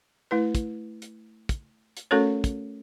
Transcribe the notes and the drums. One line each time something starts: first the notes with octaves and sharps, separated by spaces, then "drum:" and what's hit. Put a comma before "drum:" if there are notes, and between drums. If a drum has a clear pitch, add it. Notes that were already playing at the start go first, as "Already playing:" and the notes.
A3 E4 B4
drum: kick, hi-hat
drum: hi-hat
drum: kick, hi-hat
drum: hi-hat
A3 C#4 F#4 A4 A#4 C#5
drum: kick, hi-hat